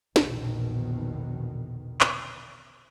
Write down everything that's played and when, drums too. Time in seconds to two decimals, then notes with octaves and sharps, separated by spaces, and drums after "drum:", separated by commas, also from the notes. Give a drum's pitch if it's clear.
0.16 A#1 E2 B2 D3 D#3, drum: snare
2.01 drum: clap